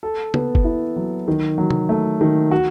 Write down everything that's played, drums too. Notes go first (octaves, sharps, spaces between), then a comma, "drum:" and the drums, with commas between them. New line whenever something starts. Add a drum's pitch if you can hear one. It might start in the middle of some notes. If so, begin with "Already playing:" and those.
A4
B3, drum: tom
drum: kick
E4
F#3
D#3
F#3
drum: tom C3
A3
D#3
F#4